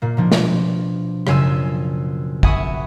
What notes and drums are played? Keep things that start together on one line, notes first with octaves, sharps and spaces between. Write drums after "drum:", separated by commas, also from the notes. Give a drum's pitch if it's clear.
A#2 A#3
B2 F3 D4
drum: snare
F#1 F4 G#5 E6, drum: rim click
E5 F#5 G#5 B5 C#6 D#6, drum: kick